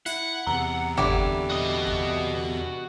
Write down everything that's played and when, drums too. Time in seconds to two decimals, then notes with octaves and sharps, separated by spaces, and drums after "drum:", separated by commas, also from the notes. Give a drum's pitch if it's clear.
0.06 E4 F#5, drum: hi-hat
0.47 E2 C3 A#5
0.97 D3 G3 E5 G5 D6, drum: tom G1
1.50 F#4 D#5
1.87 drum: kick